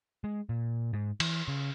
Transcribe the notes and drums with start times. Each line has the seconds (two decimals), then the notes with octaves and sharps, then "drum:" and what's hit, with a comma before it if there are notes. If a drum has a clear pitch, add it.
0.24 G#3
0.49 A#2
0.93 G#2
1.20 E3, drum: cymbal
1.48 C#3